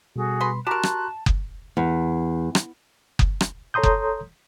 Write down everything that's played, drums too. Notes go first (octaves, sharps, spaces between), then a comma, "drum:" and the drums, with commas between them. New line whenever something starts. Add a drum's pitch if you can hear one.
B2 G3 F#4 G#4 A4
B4 B5 C6
F#4 G4 A#4 A5 A#5 C6 C#6 F#6
drum: rim click
drum: kick F#1
E2
drum: rim click
drum: kick F#1
drum: rim click
A4 C#5 A#5 C6 D#6 G6
drum: kick F#1